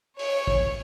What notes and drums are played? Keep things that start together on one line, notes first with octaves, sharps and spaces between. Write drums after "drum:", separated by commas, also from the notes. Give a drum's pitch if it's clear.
C#5, drum: open hi-hat
drum: kick